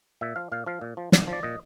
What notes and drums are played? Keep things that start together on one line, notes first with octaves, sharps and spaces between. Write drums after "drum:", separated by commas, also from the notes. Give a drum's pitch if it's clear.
A#2 E5
F3 F5
A#2 F5
F3 F5
A#2
F3
A#2, drum: snare
F3
D5
A#2 D#5